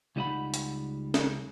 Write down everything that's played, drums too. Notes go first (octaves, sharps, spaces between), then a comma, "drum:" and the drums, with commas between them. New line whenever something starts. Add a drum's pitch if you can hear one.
C#2 G3 D#4 D#5 F#5 B5
drum: hi-hat
drum: snare